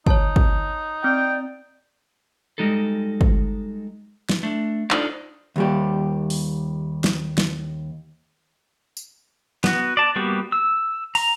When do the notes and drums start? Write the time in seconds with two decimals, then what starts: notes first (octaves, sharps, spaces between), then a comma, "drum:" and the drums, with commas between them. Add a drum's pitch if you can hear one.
0.06 D#4 C#5 A5, drum: kick
0.36 drum: kick
1.04 C4 D5 G5
2.58 G3 G#3 D#4 F#4 A4
3.21 drum: kick
4.29 drum: snare
4.43 A3 D4
4.91 D4 D#4 F4 A4 C5 D5, drum: clap
5.56 D#2 G3 G4
6.30 drum: open hi-hat
7.04 drum: snare
7.38 drum: snare
8.97 drum: tambourine
9.64 B3 F#4, drum: snare
9.97 D5 A5
10.16 G3 A#3 B3 F#4 G4
10.52 E6
11.15 A#5, drum: open hi-hat